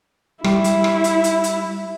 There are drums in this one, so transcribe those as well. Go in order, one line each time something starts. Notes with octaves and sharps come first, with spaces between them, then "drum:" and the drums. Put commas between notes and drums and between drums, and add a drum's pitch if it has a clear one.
G3 E4, drum: rim click
drum: hi-hat
drum: rim click
drum: hi-hat
drum: hi-hat
drum: hi-hat